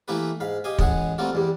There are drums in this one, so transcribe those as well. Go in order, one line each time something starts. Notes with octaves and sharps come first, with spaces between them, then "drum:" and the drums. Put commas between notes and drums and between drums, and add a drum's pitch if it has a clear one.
E3 A3 A#3 E4 G4 B4
G#2 F5 B5
G4 D#5 F5 G#5
A1 G#3 G#4 F#5, drum: kick
G3 A3 A#3 C4 F4 F#4
E2 G2 G3